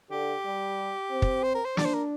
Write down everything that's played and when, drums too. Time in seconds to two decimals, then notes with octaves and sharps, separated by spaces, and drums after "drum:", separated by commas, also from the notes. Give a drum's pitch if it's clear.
0.11 D3 G4
0.45 G3
1.11 C4
1.22 drum: kick
1.44 C5
1.55 A#4
1.65 C5
1.77 D4 D5, drum: snare
1.85 C5
1.94 A#4